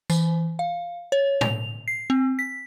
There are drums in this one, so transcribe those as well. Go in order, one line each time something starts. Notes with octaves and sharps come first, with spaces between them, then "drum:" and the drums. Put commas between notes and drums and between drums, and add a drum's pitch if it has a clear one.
E3, drum: tambourine
F5
C#5
F7, drum: tom A2
C7
C4
B6